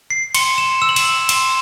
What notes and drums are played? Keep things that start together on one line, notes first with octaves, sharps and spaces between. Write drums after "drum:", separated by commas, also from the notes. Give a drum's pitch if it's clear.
C7
C6 C#7, drum: cymbal
E7
E6 E7
F#7
E7, drum: cymbal
F#7
C6 E7, drum: cymbal